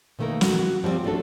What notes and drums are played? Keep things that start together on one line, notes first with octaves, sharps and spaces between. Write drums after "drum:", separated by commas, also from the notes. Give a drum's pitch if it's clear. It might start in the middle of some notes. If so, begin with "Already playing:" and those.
B2 D#3 A3 A#3 A#4
F#4, drum: snare
F#4
F3 G3 A#3 C4 D5
A3 C#4 D4 F#4 A4